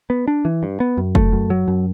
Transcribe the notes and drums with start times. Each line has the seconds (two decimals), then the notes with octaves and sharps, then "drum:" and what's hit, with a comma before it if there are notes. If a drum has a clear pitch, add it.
0.10 B3
0.28 D4
0.45 E3
0.63 G2
0.80 B3
0.97 F#2
1.15 A3, drum: kick F1
1.33 F#2
1.50 F#3
1.68 F#2